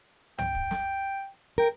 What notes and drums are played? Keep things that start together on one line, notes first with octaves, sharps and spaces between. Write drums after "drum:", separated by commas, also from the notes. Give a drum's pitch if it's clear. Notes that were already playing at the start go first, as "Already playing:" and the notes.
G5, drum: tom
drum: kick
drum: snare
A#4 G5